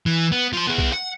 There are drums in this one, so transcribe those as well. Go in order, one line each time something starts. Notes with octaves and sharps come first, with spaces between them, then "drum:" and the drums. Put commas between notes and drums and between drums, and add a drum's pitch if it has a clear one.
E3
B3
F3 C6
B3 G#4
drum: kick B1
F#5